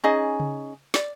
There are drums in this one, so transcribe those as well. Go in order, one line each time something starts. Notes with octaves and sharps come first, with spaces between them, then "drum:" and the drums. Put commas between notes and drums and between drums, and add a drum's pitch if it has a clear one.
C#4 D#4 G#4 D#5
drum: tom C#3
D5, drum: snare